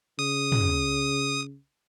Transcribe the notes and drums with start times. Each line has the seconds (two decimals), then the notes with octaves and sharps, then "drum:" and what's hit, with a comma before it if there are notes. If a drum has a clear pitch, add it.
0.19 C#3 D#6
0.52 drum: tom